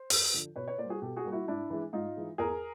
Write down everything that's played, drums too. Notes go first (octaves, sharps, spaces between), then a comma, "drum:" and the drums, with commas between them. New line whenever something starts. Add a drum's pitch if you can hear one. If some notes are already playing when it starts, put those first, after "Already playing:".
Already playing: C5
F2, drum: open hi-hat
D3 F3
B2 B4 C#5
B4 C#5
A#3 C5 D5
G3
F#4 G#4
B2 G4 A4
F#4 G#4
G3 A#3
E4 F#4
G#2 D4 E4
E3 G#3
G#2 D#4 F4
E3 G#3
E2 G#4 A#4